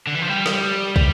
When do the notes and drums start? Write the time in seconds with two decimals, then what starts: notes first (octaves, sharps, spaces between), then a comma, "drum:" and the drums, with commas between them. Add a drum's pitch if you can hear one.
0.07 D3
0.15 E3
0.22 F3
0.29 G3
0.46 drum: rim click
0.96 G3, drum: kick